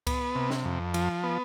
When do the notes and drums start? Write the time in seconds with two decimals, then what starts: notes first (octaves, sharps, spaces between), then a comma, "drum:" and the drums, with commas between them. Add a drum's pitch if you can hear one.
0.07 B3, drum: kick C#2, cymbal
0.35 C3
0.51 drum: snare
0.65 F2
0.94 F3, drum: cymbal
1.24 B3